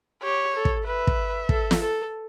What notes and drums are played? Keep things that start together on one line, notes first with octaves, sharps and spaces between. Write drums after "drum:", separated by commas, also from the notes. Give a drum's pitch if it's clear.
G4 C#5
A4
drum: kick
B4 E5
drum: kick
A4, drum: kick
drum: snare
A4